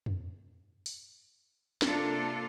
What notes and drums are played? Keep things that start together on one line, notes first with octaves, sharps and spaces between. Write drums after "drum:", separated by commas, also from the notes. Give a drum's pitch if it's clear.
drum: tom
drum: open hi-hat
C3 A#3 D4 F4 A4, drum: snare